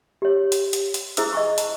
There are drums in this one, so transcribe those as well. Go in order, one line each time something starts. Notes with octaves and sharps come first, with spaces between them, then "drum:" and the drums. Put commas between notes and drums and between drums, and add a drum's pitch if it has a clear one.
G4 C#5
drum: hi-hat
drum: hi-hat
drum: hi-hat
E4 G#4 C5 D#6 E6, drum: hi-hat
D#5 G#5 C#6
A5, drum: hi-hat